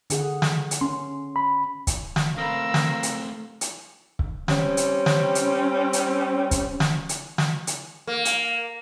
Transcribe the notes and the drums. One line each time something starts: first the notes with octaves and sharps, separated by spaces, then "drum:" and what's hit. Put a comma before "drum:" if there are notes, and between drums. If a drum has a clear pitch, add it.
D3 G#4 F#5, drum: hi-hat
drum: snare
drum: hi-hat
C#4 C6
B5
drum: kick C#1, hi-hat
drum: snare
A3 C4 A#4 F5 B5 C6 E6
drum: snare
F5
drum: hi-hat
drum: hi-hat
drum: kick C#1
G3 C4 C#4, drum: snare
drum: hi-hat
drum: snare
drum: hi-hat
drum: hi-hat
drum: kick C#1, hi-hat
drum: snare
drum: hi-hat
drum: snare
drum: hi-hat
A#3
drum: hi-hat